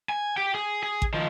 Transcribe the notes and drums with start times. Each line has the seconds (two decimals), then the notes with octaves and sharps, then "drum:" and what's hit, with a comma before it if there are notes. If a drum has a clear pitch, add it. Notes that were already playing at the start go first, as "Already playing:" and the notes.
0.09 G#5
0.37 G4 G5
0.55 G#4
0.83 G#4
1.02 drum: kick A1
1.14 D#3 F3